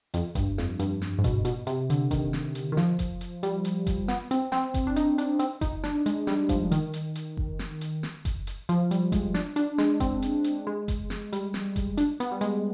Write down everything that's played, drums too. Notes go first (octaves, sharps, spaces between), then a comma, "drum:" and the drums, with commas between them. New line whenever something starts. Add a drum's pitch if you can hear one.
F2, drum: hi-hat
G2, drum: kick F#1, hi-hat
F2, drum: snare
G2, drum: hi-hat
drum: snare
G#2
B2, drum: kick F#1, hi-hat
B2, drum: hi-hat
C3, drum: hi-hat
D3, drum: hi-hat
D#3, drum: kick F#1, hi-hat
drum: snare
drum: hi-hat
D#3
F3, drum: snare
drum: kick F#1, hi-hat
drum: hi-hat
G3, drum: hi-hat
drum: hi-hat
drum: kick F#1, hi-hat
B3, drum: snare
C4, drum: hi-hat
C4, drum: snare
drum: kick F#1, hi-hat
D4
D#4, drum: hi-hat
D4, drum: hi-hat
C4, drum: hi-hat
D#4, drum: kick F#1, hi-hat
D4, drum: snare
G#3, drum: hi-hat
G3, drum: snare
F3, drum: kick F#1, hi-hat
D#3, drum: hi-hat
drum: hi-hat
drum: hi-hat
drum: kick F#1
drum: snare
drum: hi-hat
drum: snare
drum: kick F#1, hi-hat
drum: hi-hat
F3, drum: hi-hat
G3, drum: hi-hat
G#3, drum: kick F#1, hi-hat
D4, drum: snare
D4, drum: hi-hat
G#3, drum: snare
C4, drum: kick F#1, hi-hat
drum: hi-hat
drum: hi-hat
G#3
drum: kick F#1, hi-hat
drum: snare
G3, drum: hi-hat
drum: snare
drum: kick F#1, hi-hat
D4, drum: hi-hat
B3, drum: hi-hat
G3
G#3, drum: hi-hat